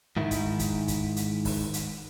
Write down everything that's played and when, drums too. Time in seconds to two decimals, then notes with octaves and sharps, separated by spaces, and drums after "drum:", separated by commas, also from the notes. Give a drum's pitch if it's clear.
0.17 G#2 D#3 E4
0.31 drum: kick, hi-hat
0.59 drum: kick, hi-hat
0.88 drum: kick, hi-hat
1.16 drum: hi-hat
1.45 drum: kick, open hi-hat
1.74 drum: hi-hat